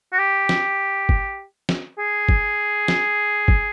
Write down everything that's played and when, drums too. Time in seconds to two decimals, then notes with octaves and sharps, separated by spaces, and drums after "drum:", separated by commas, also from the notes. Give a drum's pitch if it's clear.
0.13 F#4
0.19 G4
0.49 drum: snare
1.09 drum: kick
1.69 drum: snare
1.98 G#4
2.29 drum: kick
2.88 drum: snare
3.48 drum: kick